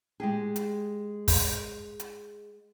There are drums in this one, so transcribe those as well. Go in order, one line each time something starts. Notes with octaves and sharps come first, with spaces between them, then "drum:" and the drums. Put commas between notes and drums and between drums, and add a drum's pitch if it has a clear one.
G#3 G4 G#4
drum: hi-hat
drum: kick, open hi-hat
drum: hi-hat